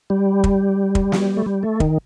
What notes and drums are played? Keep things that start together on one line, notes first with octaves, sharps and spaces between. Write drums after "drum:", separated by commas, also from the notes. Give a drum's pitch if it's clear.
G3
drum: kick
drum: kick
drum: snare
A3
G3
A3
D#3, drum: kick